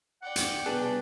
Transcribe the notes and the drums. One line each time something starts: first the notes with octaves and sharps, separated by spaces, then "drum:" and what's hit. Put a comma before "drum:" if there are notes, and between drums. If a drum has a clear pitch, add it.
D5 F#5 G5
drum: hi-hat
C2 B2 D4 G#4 B4